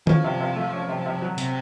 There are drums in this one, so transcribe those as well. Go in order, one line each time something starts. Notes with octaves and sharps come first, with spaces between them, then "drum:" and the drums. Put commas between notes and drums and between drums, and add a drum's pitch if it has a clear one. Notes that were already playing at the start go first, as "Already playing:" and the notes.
F3 C#4, drum: tom D#3
C3
C3
A3
C#4
C3
C3
F#3
C3, drum: hi-hat